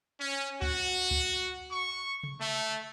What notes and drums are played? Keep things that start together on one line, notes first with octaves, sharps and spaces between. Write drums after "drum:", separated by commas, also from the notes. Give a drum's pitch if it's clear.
C#4
F#4, drum: kick C#2
drum: kick C#2
C#6
drum: tom C3
A3